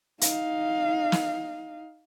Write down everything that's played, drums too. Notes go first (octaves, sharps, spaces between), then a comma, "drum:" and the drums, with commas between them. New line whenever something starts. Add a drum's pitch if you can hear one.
D#4 F5, drum: hi-hat
drum: snare